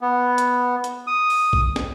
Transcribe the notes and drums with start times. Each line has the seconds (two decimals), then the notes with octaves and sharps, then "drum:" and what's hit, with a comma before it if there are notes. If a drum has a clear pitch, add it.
0.01 B3
0.38 drum: hi-hat
0.84 drum: hi-hat
1.07 D#6
1.30 drum: open hi-hat
1.53 drum: kick A#1
1.76 drum: snare